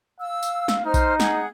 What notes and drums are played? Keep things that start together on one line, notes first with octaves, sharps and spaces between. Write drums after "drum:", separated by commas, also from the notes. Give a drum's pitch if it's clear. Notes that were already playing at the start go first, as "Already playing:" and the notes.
F5 E6
drum: tambourine
drum: snare
D#4 C5 F6
drum: kick B1, tambourine
G#4 F#5, drum: snare